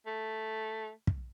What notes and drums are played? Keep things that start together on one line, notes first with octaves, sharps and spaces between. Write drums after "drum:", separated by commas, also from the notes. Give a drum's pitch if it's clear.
A3
drum: kick